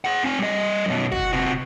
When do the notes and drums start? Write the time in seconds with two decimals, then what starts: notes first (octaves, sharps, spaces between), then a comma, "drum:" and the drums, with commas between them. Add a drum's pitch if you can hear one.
0.05 G#4 F#5
0.24 C4 G#5
0.39 G3 D#5
0.86 F#2 B2
1.12 F#4, drum: kick
1.33 C3 F#4